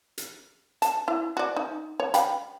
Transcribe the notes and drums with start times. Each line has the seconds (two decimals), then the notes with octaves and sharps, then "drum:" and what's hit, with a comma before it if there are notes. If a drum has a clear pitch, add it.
0.18 drum: hi-hat
0.82 A5, drum: hi-hat
1.08 E4
1.37 F#4 D5
1.56 D#4
2.00 C#5
2.14 F5 G5 B5, drum: hi-hat